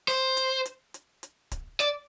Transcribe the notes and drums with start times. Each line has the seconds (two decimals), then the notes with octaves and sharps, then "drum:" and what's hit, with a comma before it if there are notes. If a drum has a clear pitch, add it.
0.08 C5, drum: open hi-hat
0.37 drum: hi-hat
0.66 drum: hi-hat
0.94 drum: hi-hat
1.23 drum: hi-hat
1.52 drum: kick C#1, hi-hat
1.80 D5, drum: hi-hat